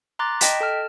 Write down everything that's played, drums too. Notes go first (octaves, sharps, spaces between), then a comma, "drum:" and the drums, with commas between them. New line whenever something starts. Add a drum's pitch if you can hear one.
A#5 C6 D6 F#6 A6
D#5 G5 A5 B6, drum: hi-hat
A4 A5 F6